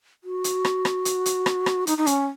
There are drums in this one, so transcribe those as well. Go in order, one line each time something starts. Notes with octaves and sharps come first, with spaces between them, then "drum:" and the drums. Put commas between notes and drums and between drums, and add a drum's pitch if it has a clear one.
F#4
drum: hi-hat
drum: rim click
drum: rim click
drum: hi-hat
drum: hi-hat
drum: rim click
drum: rim click
D#4, drum: hi-hat
D#4
C#4, drum: hi-hat